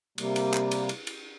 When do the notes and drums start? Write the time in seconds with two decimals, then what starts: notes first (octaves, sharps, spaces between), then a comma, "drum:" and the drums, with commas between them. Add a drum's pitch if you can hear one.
0.18 C3 G3 A#3, drum: cymbal
0.36 drum: cymbal
0.54 drum: clap
0.71 drum: cymbal
0.89 drum: cymbal
1.07 drum: cymbal